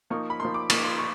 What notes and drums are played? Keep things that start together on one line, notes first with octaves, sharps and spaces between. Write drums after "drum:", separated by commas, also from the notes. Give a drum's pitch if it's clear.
F3 A#3 D#4 C#6
B5
F3 A#3 D#4 C6
D6
F3 A#3 D#4 C#6, drum: cymbal
C6
C#6